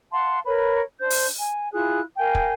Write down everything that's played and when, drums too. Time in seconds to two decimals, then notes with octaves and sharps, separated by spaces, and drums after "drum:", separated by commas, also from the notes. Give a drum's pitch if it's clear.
0.12 F5 F#5 A5 C6
0.45 A#4 B4 C#5 B5
1.00 D4 C5 G6
1.10 drum: open hi-hat
1.39 G#5
1.72 E4 F4 G#4 F#6
2.17 A#4 F5 G5 G#5
2.35 drum: kick